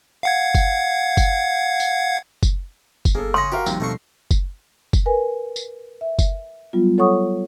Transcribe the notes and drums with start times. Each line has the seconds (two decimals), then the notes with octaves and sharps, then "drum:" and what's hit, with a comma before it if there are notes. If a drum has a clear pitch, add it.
0.23 F5 F#5 G#6
0.55 drum: kick F#1, tambourine
1.17 drum: kick F#1, tambourine
1.80 drum: tambourine
2.43 drum: kick F#1, tambourine
3.05 drum: kick F#1, tambourine
3.15 G1 A#3 G#4 A4
3.34 C#3 C#5 C6 D#6 A#6
3.52 F#4 G4 A#4 F5
3.66 D#2 C3 F3 G3 C4, drum: tambourine
3.80 B2 A3 A#3 C4 C#6 C7
4.31 drum: kick F#1, tambourine
4.93 drum: kick F#1, tambourine
5.06 A#4 B4 G#5
5.56 drum: tambourine
6.01 E5
6.19 drum: kick F#1, tambourine
6.73 F#3 G3 B3 F4
6.98 A4 C#5 F#5 C#6 D#6